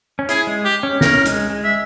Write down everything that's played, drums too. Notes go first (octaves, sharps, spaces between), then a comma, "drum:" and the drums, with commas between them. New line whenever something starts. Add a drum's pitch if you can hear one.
C#4
E4 G#4, drum: hi-hat
G#3
G4
C#4
C#4 A#4, drum: snare
G#3, drum: hi-hat
G#3
E5